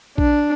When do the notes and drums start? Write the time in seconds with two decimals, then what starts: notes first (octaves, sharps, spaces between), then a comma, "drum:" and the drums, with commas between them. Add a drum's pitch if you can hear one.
0.18 D4, drum: kick A#1